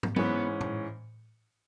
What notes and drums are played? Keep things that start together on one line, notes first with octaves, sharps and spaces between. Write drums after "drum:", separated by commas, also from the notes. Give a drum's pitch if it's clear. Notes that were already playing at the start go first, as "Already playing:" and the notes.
drum: tom
G#2 E3 B3 C#4, drum: tom F#3
drum: tom A2